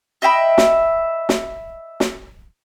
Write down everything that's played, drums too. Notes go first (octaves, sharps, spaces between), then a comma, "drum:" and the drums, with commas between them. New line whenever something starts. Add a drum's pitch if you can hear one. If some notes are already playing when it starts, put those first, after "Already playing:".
D#5 E5 G5 B5
drum: snare
drum: snare
drum: snare